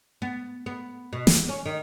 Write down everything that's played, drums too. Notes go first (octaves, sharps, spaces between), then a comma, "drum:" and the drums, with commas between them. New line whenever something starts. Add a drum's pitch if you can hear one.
B3
B3
B2
E2, drum: snare
C#4
D#3